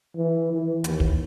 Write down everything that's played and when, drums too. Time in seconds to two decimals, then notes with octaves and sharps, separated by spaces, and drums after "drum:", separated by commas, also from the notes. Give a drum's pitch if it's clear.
0.16 E3
0.53 E3
0.84 D#2, drum: hi-hat
1.00 drum: kick